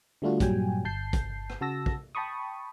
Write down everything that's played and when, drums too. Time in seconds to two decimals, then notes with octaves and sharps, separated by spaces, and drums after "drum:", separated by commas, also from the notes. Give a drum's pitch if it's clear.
0.22 D3 G3 A3 D4 F4 F#4
0.40 G2 A#2 F#3 G3 G5 G#5, drum: kick, hi-hat
0.85 G1 A5 G6 C7
1.13 drum: kick, hi-hat
1.50 drum: rim click
1.61 C#3 F#4 A5 E6 A#6
1.86 drum: kick
2.15 G5 A5 B5 C#6 D#6